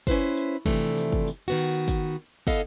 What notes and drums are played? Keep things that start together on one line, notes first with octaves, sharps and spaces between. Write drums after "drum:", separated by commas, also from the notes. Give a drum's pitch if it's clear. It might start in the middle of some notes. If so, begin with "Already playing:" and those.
C#4 E4 B4 C5, drum: kick, tambourine
drum: tambourine
D2 C3 E3 F3 A3 D4, drum: kick, tambourine
drum: tambourine
drum: kick
drum: tambourine
D#3 B3 F#4
drum: tambourine
drum: kick, tambourine
B3 E4 A4 D#5 F5, drum: kick, tambourine